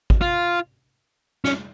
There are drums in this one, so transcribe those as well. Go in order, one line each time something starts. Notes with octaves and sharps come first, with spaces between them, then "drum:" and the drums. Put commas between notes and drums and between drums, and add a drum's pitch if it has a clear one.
drum: kick G#1
F4
C#4, drum: snare